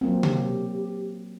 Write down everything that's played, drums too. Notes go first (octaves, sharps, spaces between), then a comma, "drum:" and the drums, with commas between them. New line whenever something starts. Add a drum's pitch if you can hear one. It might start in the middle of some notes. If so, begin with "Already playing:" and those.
F#3 A#3 C4 F4
G4, drum: tom C3